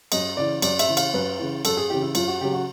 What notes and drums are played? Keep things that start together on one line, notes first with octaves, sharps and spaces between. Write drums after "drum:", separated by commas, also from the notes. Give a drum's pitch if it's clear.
F#2 D#5, drum: cymbal
C#3 E3 D5
F#2 D5, drum: cymbal
E5, drum: cymbal
C#3 E3
F5, drum: cymbal
F#2 B4
C#3 E3
F#2 A4, drum: cymbal
G#4
C#3 E3 G4
E4
F#2 F4, drum: cymbal
F#4
C#3 F#3 G4
F#4